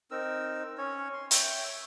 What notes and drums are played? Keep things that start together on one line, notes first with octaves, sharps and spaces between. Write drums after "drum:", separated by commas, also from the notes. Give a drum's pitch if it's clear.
C4 D#4 A#4 E6
C#4 C#5
C6
C#5 E5 G5, drum: hi-hat